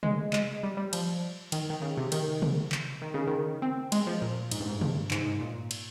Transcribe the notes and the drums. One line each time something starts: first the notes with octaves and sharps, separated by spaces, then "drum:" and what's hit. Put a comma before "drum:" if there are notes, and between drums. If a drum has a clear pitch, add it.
G#3, drum: tom C3
G#3, drum: clap
G3
G3
F3, drum: cymbal
D#3, drum: cymbal
D#3
C#3
C3
D#3, drum: cymbal
drum: tom C3
drum: clap
D#3
C#3
D#3
C4
G#3, drum: cymbal
F3
A#2
G#2, drum: cymbal
G2
G#2
G2, drum: tom C3
G#2, drum: clap
G#2
A#2
drum: cymbal